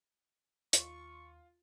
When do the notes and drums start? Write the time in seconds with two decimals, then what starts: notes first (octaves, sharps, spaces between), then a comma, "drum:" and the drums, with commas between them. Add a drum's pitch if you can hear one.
0.73 D#2 F4 C#6, drum: hi-hat